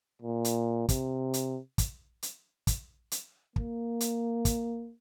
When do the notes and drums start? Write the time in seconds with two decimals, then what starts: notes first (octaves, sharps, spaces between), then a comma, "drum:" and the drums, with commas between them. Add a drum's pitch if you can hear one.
0.22 A#2
0.45 drum: hi-hat
0.89 C3, drum: kick, hi-hat
1.34 drum: hi-hat
1.78 drum: kick, hi-hat
2.23 drum: hi-hat
2.67 drum: kick, hi-hat
3.12 drum: hi-hat
3.56 A#3, drum: kick
4.00 drum: hi-hat
4.45 drum: kick, hi-hat